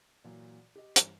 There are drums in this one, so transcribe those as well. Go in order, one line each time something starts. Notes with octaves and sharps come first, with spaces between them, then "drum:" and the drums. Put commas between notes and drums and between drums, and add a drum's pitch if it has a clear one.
A#2 E3 F#3
G4 D#5
G2 E3, drum: hi-hat